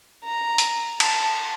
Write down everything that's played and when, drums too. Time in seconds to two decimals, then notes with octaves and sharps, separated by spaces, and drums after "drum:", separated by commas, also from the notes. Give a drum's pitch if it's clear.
0.25 A#5
0.58 drum: hi-hat
1.00 A5, drum: cymbal